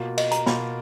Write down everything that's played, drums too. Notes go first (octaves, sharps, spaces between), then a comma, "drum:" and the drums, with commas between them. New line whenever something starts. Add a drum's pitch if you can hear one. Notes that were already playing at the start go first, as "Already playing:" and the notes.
Already playing: B2 A#3 F4
D#5, drum: cymbal
A#5, drum: hi-hat
B2 A#3 F4 B5, drum: snare